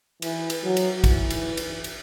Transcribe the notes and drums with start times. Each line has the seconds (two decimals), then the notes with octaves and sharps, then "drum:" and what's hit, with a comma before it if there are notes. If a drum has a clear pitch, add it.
0.22 E3, drum: cymbal
0.50 drum: cymbal
0.64 F#3
0.77 drum: cymbal
1.04 E3, drum: kick, cymbal
1.30 drum: cymbal
1.57 drum: cymbal
1.84 drum: cymbal